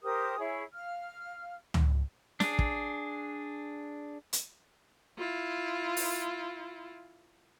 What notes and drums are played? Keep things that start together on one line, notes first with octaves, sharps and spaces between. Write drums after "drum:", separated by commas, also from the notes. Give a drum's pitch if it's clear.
G4 A#4 C5 D#6
E4 G#4 C#5
F5 F6
drum: tom C#2
D4 G#4, drum: snare
drum: kick
drum: hi-hat
E4 F4
drum: open hi-hat